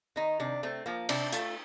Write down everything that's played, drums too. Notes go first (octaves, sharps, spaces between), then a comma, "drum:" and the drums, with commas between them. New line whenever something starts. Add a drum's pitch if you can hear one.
D#3 D#4
C3 D4
A3 C4
F3 A#3
C3 D4, drum: cymbal
A3 F4, drum: hi-hat